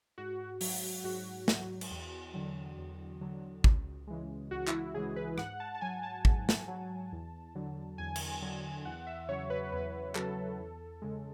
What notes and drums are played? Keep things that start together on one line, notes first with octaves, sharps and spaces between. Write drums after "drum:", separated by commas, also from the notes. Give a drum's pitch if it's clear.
G#2 F#4
F#3, drum: open hi-hat
G#2 F#4
F#3, drum: snare
drum: cymbal
E2
D3 F#3
E2
D3 F#3
C#2, drum: kick
C#3 E3 G#3
C#2 F#4
E4, drum: clap
F#4
C#3 E3 G#3 G#4
B4
G#2 F#5, drum: rim click
A5
A5
F#3 G#5
A5
G#2, drum: kick
drum: snare
F#3
E2
D3 F#3
E2 G#5
drum: cymbal
D3 F#3
E2 F#5
E5
C#3 F#3 C#5
B4
E2 B4
C#3 F#3 A4, drum: clap
E2
C#3 G#3